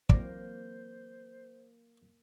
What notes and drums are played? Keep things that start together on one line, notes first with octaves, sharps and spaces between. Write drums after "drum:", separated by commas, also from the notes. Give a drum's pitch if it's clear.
E3 F#3 A#3 C4 A#4 C5 D5, drum: kick